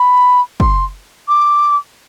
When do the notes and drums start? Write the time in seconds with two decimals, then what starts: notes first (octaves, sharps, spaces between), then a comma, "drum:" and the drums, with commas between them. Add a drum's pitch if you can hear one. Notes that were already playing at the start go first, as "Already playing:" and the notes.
Already playing: B5
0.60 C6, drum: kick
1.28 D6